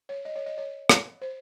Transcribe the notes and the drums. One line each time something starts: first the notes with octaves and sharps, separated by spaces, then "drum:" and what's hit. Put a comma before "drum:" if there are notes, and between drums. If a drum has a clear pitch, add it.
C#5
D#5
C#5
D#5
C#5
drum: rim click
C5